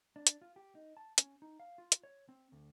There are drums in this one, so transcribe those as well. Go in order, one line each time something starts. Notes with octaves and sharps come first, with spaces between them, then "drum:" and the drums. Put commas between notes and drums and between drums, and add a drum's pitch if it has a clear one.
D4
drum: hi-hat
F4
G4
D#4
A5
C#4, drum: hi-hat
D#4
F5
F4
drum: hi-hat
C#5
C4
D2